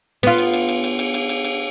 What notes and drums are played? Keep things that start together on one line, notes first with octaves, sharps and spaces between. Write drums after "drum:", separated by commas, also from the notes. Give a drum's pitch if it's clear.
B3 F4, drum: cymbal
drum: cymbal
drum: cymbal
drum: cymbal
drum: cymbal
drum: cymbal
drum: cymbal
drum: cymbal
drum: cymbal